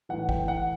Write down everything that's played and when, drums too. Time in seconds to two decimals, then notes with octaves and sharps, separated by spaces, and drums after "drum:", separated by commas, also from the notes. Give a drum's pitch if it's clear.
0.09 A2 E3 F#5
0.29 G5, drum: kick
0.48 F#5